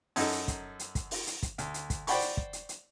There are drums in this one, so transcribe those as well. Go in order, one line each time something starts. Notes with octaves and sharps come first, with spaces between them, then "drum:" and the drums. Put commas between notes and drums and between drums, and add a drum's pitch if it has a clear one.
F#2 D#4 A4, drum: open hi-hat
drum: hi-hat
drum: kick, hi-hat
drum: hi-hat
drum: kick, hi-hat
drum: open hi-hat
drum: hi-hat
drum: kick, hi-hat
D2, drum: hi-hat
drum: hi-hat
drum: kick, hi-hat
C5 D5 F#5 G5 B5 C#6, drum: open hi-hat
drum: hi-hat
drum: kick
drum: hi-hat
drum: hi-hat